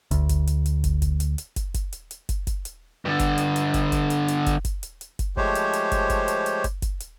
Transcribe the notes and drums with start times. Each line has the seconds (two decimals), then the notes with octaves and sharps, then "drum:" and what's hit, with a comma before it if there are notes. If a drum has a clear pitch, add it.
0.11 D2, drum: kick, hi-hat
0.29 drum: kick, hi-hat
0.47 drum: hi-hat
0.66 drum: hi-hat
0.84 drum: kick, hi-hat
1.02 drum: kick, hi-hat
1.20 drum: hi-hat
1.38 drum: hi-hat
1.56 drum: kick, hi-hat
1.74 drum: kick, hi-hat
1.93 drum: hi-hat
2.11 drum: hi-hat
2.29 drum: kick, hi-hat
2.47 drum: kick, hi-hat
2.65 drum: hi-hat
3.05 G2 D3
3.19 drum: kick, hi-hat
3.38 drum: hi-hat
3.56 drum: hi-hat
3.74 drum: kick, hi-hat
3.92 drum: kick, hi-hat
4.10 drum: hi-hat
4.28 drum: hi-hat
4.46 drum: kick, hi-hat
4.65 drum: kick, hi-hat
4.83 drum: hi-hat
5.01 drum: hi-hat
5.19 drum: kick, hi-hat
5.37 F3 G#3 A3 G4 C5 C#5, drum: kick
5.55 drum: hi-hat
5.73 drum: hi-hat
5.92 drum: kick, hi-hat
6.10 drum: kick, hi-hat
6.28 drum: hi-hat
6.46 drum: hi-hat
6.64 drum: kick, hi-hat
6.82 drum: kick, hi-hat
7.00 drum: hi-hat